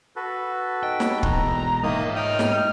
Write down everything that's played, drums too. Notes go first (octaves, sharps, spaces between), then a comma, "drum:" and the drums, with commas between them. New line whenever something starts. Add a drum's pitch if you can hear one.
F#4 A4 B4
D#4 G5
drum: snare
B2 E3 A#5, drum: kick
G#2 D#3 A#3 E5 D#6
D#4 G5 D#6 F6
drum: snare